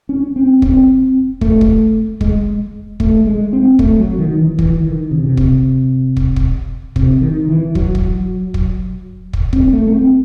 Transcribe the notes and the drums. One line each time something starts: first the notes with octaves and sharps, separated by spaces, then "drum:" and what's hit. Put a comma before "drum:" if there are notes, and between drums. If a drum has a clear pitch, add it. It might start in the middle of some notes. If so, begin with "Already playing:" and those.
C#4
C4
C4, drum: kick
A3, drum: kick
drum: kick
G#3, drum: kick
A3, drum: kick
G#3
C4
A3, drum: kick
F#3
D#3
E3
E3, drum: kick
D#3
C3
C#3
C3
drum: kick
drum: kick
drum: kick
C3, drum: kick
D#3
E3
F#3, drum: kick
drum: kick
drum: kick
drum: kick
C4, drum: kick
A3
A3
C4